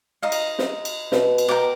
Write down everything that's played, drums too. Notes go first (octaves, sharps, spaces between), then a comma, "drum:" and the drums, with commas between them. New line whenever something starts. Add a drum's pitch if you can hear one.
D#4 D#5 F5
drum: cymbal
drum: snare
drum: cymbal
B2, drum: snare
drum: cymbal
B2 A#4 G5 D6